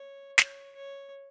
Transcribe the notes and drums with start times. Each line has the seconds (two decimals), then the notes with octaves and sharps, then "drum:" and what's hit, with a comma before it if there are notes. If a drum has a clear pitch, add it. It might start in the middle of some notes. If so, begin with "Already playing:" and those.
Already playing: C#5
0.38 C#5, drum: snare
0.76 C#5